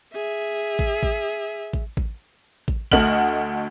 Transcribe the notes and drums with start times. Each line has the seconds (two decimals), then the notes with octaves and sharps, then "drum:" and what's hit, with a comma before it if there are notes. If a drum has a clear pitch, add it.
0.14 G#4 E5
0.79 drum: kick A1
1.03 drum: kick A1
1.73 drum: kick A1
1.97 drum: kick A1
2.68 drum: kick A1
2.92 D2 A3 D#5 F#5 F6 F#7, drum: kick A1